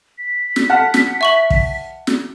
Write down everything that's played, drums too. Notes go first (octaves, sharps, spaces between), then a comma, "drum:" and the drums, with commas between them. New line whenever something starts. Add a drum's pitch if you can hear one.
B6
drum: snare
F#5 A5 F6
drum: snare
E5 C#6 F#7
drum: kick
drum: snare